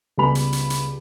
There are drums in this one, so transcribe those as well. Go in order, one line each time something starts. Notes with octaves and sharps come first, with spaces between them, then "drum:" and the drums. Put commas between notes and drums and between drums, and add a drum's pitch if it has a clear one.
C#2 G3 B3 B5 F7
drum: hi-hat
drum: hi-hat
drum: hi-hat